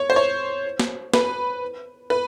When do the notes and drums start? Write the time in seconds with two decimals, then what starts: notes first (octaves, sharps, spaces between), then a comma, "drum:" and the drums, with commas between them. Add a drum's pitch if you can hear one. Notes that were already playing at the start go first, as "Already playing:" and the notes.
Already playing: C#5
0.10 C5
0.16 C#5
0.80 drum: snare
1.14 B4, drum: snare
2.10 B4